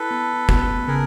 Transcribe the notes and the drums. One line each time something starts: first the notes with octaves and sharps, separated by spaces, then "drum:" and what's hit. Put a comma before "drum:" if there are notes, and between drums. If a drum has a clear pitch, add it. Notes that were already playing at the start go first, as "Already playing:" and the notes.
Already playing: E4 A4 B4
B3
B3, drum: kick
C#3 G#4 A#4